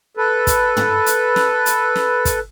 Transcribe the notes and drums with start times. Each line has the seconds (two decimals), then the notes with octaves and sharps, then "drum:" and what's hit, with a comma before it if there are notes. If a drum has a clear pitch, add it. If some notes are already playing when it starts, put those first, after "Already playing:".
0.17 A4 B4
0.47 drum: kick, hi-hat
0.77 drum: tom
1.06 drum: hi-hat
1.36 drum: snare
1.66 drum: hi-hat
1.96 drum: snare
2.25 drum: kick, hi-hat